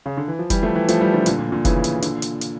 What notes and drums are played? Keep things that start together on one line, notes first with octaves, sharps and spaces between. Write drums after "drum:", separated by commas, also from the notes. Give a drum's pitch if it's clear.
C#3
D3
E3
F3
E3 G3, drum: kick F1, hi-hat
F3 A3
E3 G3
F3 A3, drum: hi-hat
E3 G3
D3 F3
A#2 D3, drum: hi-hat
A#2
A#2 D3
C#3 E3, drum: kick F1, hi-hat
drum: hi-hat
A#2 D3, drum: hi-hat
drum: hi-hat
drum: hi-hat